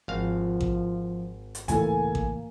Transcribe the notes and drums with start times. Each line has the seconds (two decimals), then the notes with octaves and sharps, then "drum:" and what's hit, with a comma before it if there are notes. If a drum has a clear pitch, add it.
0.08 G#1 F3 F5
0.61 drum: kick A1
1.55 drum: hi-hat
1.68 C#2 A2 E3 A#3 A4 G#5, drum: hi-hat
2.15 drum: kick A1